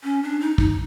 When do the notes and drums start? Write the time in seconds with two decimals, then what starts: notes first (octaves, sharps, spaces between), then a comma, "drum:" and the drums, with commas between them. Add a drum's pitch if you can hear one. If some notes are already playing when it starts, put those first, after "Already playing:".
0.03 C#4
0.23 D4
0.40 D#4
0.58 D#4, drum: kick